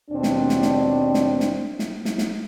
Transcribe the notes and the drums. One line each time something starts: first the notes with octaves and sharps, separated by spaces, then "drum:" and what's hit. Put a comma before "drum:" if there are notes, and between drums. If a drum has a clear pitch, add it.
D#2 B2 C4 D4
drum: snare
drum: snare
drum: snare
drum: snare
drum: snare
drum: snare
drum: snare
drum: snare